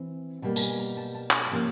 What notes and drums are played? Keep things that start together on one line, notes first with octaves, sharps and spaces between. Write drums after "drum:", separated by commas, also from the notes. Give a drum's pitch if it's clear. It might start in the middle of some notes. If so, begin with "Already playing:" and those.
Already playing: E3 C4
B2 G3 A#3 A5
A5, drum: tambourine
G#5
A#5
A5
A5
drum: clap
G#5
C3 F3 A#3 C#4 A5